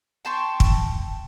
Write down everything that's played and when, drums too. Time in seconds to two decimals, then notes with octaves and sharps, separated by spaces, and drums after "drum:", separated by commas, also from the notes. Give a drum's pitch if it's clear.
0.25 G5 A5 C6 C#6
0.60 drum: kick